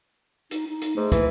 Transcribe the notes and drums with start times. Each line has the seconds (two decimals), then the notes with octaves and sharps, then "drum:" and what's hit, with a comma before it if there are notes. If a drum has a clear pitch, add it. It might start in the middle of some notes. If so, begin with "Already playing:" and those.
0.51 D#4, drum: hi-hat
0.68 D#4
0.82 drum: hi-hat
0.97 G#2 A3
1.12 E3, drum: kick, hi-hat